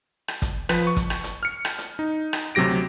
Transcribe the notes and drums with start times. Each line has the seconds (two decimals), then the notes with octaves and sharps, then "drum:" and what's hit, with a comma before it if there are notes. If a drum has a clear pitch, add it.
0.28 drum: rim click
0.42 drum: kick, hi-hat
0.69 F3 B4, drum: rim click
0.87 C#6
0.96 drum: kick, hi-hat
1.10 drum: rim click
1.24 drum: hi-hat
1.43 F6 C#7
1.65 drum: rim click
1.78 drum: hi-hat
1.99 D#4
2.33 drum: rim click
2.55 D2 C3 F#3 G4 A#6 D7